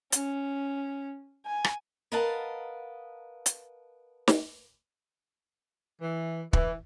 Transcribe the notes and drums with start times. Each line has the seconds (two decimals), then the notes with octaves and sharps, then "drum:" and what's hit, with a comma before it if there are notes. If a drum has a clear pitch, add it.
0.12 C#4, drum: hi-hat
1.46 G#5
1.64 drum: rim click
2.12 A#4 B4 D#5 F5 F#5 A5
3.46 drum: hi-hat
4.28 drum: snare
6.01 E3
6.53 E3, drum: kick